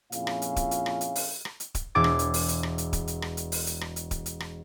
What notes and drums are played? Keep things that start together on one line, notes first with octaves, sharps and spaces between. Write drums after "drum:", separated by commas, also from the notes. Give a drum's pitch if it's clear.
F2 A#2 C#4 E4 G#4 F5, drum: hi-hat
drum: rim click
drum: hi-hat
drum: kick D1, hi-hat
drum: hi-hat
drum: rim click
drum: hi-hat
drum: open hi-hat
drum: rim click
drum: hi-hat
drum: kick D1, hi-hat
E1 E4 D6 A6
drum: rim click
drum: hi-hat
drum: open hi-hat
drum: hi-hat
drum: rim click
drum: hi-hat
drum: kick D1, hi-hat
drum: hi-hat
drum: rim click
drum: hi-hat
drum: open hi-hat
drum: hi-hat
drum: rim click
drum: hi-hat
drum: kick D1, hi-hat
drum: hi-hat
drum: rim click